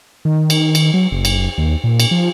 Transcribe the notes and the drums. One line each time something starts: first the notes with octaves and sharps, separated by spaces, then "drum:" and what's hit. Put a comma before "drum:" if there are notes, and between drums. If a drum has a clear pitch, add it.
D#3
drum: cymbal
drum: cymbal
F#3
F#1
drum: cymbal
D#2
A#2
drum: cymbal
F3